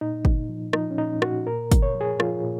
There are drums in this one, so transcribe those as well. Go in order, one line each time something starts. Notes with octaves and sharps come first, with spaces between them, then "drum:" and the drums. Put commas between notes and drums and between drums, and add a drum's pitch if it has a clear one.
A#2 D#4
A#2, drum: kick
F3
F3 D#4, drum: rim click
C#4
A#2 D#4
A#2 F#4, drum: rim click
A#2 A#4
A#2, drum: kick, hi-hat
C#5
F3
G#4
F3 F4, drum: rim click
A#2